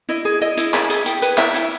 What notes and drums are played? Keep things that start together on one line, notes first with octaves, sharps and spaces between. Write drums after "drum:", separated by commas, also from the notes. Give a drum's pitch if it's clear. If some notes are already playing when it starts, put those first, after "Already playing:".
E4 D#5
G#4
E4 D#5
E4, drum: hi-hat
G#4 E5, drum: clap
G#4, drum: hi-hat
E4 G5, drum: hi-hat
B4, drum: hi-hat
E4 E5, drum: clap
E4, drum: hi-hat